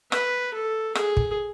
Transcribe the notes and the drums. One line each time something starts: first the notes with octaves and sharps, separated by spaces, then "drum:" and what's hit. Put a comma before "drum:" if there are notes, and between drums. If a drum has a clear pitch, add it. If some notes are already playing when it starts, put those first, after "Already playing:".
B4, drum: rim click
A4
G#4, drum: rim click
drum: kick